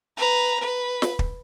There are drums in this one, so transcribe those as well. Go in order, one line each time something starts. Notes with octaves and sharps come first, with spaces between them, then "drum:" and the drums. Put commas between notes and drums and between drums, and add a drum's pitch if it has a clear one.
B4 A#5
B4
drum: snare
drum: kick